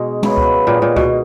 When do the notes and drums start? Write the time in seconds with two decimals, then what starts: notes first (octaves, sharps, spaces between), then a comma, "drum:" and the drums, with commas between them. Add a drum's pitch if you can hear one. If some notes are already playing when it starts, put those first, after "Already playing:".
Already playing: B2 G#3 D#4
0.23 C#3 F#3 B3 E4, drum: tom
0.38 drum: kick C#2
0.67 A#2 D#3 G#3 D#4
0.82 A#2
0.96 B2, drum: kick C#2